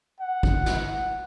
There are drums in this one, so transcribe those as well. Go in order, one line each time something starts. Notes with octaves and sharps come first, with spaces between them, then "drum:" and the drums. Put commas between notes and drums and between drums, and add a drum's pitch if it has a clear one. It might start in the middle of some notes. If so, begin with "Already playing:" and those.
F#5
drum: kick
drum: snare